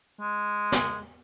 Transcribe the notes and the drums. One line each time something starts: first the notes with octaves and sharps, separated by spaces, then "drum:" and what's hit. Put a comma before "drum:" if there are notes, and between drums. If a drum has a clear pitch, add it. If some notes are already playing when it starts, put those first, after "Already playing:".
G#3
drum: snare